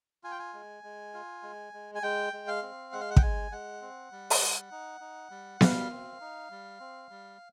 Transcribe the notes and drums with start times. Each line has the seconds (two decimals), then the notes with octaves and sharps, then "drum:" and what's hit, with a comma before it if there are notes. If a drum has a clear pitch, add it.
0.24 F4 G#5
0.31 G5
0.39 G#5
0.54 G#3
0.84 G#3
1.14 F4
1.43 G#3
1.73 G#3
1.95 G#5
2.03 G#3 G5
2.33 G#3
2.48 F5
2.62 C4
2.92 G#3 F#5
3.01 F5
3.10 F#5
3.16 G5, drum: kick
3.22 G#3 G#5
3.52 G#3 F#5
3.81 C4
4.12 G3
4.30 drum: open hi-hat
4.42 G3
4.71 D#4
5.01 D#4
5.31 G3
5.61 G3 F5, drum: snare B3
5.91 C4
6.21 D#4
6.51 G3
6.80 C4
7.10 G3